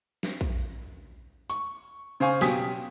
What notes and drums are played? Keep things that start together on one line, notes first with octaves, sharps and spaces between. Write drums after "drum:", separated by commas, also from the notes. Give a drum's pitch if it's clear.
drum: snare
drum: kick A#1
C#6, drum: hi-hat
C#3 C5 F5 G#5 C#6
B2 F#3 G4 G#5 D#6 B6, drum: snare